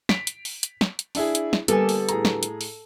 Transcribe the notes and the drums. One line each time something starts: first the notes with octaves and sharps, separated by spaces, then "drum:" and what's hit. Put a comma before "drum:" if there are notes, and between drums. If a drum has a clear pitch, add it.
B6 D7 F7, drum: snare
drum: hi-hat
drum: open hi-hat
drum: hi-hat
drum: snare
drum: hi-hat
D4 E4 G#4, drum: open hi-hat
drum: hi-hat
drum: snare
D3 G3 A#3 B3 A4 G#5, drum: hi-hat
drum: open hi-hat
A2 G#4 A#5, drum: hi-hat
drum: snare
drum: hi-hat
drum: open hi-hat